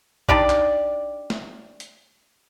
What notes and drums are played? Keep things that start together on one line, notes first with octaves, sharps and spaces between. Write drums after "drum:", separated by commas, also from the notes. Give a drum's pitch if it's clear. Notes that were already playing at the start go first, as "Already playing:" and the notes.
D4 D#4 G4 D5, drum: kick A#1
drum: clap
drum: snare
drum: hi-hat